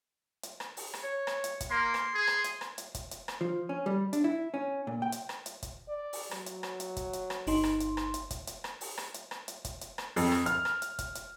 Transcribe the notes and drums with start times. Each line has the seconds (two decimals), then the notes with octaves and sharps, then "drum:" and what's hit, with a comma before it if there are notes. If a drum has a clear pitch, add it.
0.43 drum: hi-hat
0.60 drum: rim click
0.77 drum: open hi-hat
0.93 drum: rim click
1.03 C#5
1.27 drum: rim click
1.44 drum: hi-hat
1.60 drum: kick, hi-hat
1.71 A#3 C6
1.94 drum: rim click
2.14 G#4
2.27 drum: rim click
2.44 drum: hi-hat
2.61 drum: rim click
2.78 drum: hi-hat
2.94 drum: kick, hi-hat
3.11 drum: hi-hat
3.28 drum: rim click
3.41 F3
3.69 C#4
3.86 G3
4.13 D4, drum: hi-hat
4.24 E4
4.54 C#4
4.87 A#2
5.02 G5
5.12 drum: hi-hat
5.29 drum: rim click
5.46 drum: hi-hat
5.63 drum: kick, hi-hat
5.88 D5
6.13 drum: open hi-hat
6.31 F#3, drum: rim click
6.46 drum: hi-hat
6.63 drum: rim click
6.80 drum: hi-hat
6.97 drum: kick, hi-hat
7.13 drum: hi-hat
7.30 drum: rim click
7.47 G1 D#4 C6, drum: open hi-hat
7.64 drum: rim click
7.80 drum: hi-hat
7.97 drum: rim click
8.14 drum: hi-hat
8.31 drum: kick, hi-hat
8.47 drum: hi-hat
8.64 drum: rim click
8.81 drum: open hi-hat
8.98 drum: rim click
9.14 drum: hi-hat
9.31 drum: rim click
9.48 drum: hi-hat
9.65 drum: kick, hi-hat
9.81 drum: hi-hat
9.98 drum: rim click
10.16 F2, drum: open hi-hat
10.32 drum: rim click
10.46 F6, drum: hi-hat
10.65 drum: rim click
10.82 drum: hi-hat
10.99 drum: kick, hi-hat
11.15 drum: hi-hat